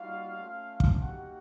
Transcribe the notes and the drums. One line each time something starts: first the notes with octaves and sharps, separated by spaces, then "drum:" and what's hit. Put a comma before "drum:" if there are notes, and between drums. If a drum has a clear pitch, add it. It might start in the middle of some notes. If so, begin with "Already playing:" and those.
Already playing: G3 A#3 D#4 F4 F#4 F5
A3 C#4 F4
drum: kick
A#3 D#4 F#4 G4 F#5